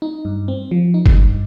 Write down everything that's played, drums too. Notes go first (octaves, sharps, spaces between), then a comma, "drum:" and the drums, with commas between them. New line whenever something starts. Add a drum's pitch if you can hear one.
D#4
G2
C4
F3
D#4
drum: kick
G2